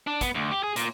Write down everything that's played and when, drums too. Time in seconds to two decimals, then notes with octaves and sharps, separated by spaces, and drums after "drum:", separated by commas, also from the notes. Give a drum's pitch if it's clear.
0.07 D4
0.21 B3, drum: kick, hi-hat
0.35 D2
0.51 G4
0.63 G#4
0.76 A#2, drum: hi-hat